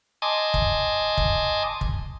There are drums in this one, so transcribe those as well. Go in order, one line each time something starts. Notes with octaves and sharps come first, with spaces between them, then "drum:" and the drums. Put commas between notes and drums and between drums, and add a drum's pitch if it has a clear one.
D#5 G#5 A5 C6 D6 D#6
drum: kick
drum: kick
drum: kick